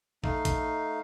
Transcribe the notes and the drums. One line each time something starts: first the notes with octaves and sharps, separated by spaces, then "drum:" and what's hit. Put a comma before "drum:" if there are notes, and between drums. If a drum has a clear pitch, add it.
A3 D#4 F5, drum: kick
drum: kick, hi-hat